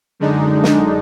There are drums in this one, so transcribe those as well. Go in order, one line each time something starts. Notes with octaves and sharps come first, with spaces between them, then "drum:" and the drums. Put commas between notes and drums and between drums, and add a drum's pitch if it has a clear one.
F#2 D3 G#3 D4 D#4
drum: snare